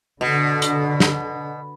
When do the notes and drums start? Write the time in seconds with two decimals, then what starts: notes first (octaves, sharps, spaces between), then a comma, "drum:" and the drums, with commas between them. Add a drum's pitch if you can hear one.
0.21 B2 D3
0.62 drum: hi-hat
1.00 drum: snare